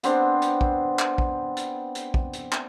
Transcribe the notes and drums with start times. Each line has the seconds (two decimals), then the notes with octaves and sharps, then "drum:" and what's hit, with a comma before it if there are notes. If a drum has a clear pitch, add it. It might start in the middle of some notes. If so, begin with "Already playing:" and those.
0.03 B3 C4 D4, drum: hi-hat
0.42 drum: hi-hat
0.61 drum: kick
0.99 drum: clap
1.18 drum: kick
1.57 drum: hi-hat
1.95 drum: hi-hat
2.14 drum: kick
2.33 drum: hi-hat
2.52 drum: clap